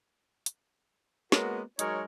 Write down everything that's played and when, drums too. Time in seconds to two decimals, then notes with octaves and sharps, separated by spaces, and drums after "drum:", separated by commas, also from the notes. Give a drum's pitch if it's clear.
0.46 drum: hi-hat
1.32 G#3 A#3 B3 C#4 F#4 A#4, drum: snare
1.79 F#3 G#3 D#4 A#4 C#5, drum: hi-hat